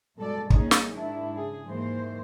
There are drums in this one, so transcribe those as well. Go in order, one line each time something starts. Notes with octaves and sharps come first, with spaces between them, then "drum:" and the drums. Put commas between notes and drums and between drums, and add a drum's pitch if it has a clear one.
G2 B2 G#3 A4 D5
G3 A#3 C#4 D#4 G#4, drum: kick
drum: snare
G#2 D#3 D4 E4
C#3 G#4
D#2 G#2 D#3 E3 A#3 C5